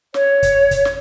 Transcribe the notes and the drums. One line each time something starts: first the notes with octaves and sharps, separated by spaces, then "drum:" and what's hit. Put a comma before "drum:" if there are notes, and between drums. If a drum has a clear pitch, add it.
C#5, drum: snare
drum: kick, hi-hat
drum: kick, hi-hat
drum: snare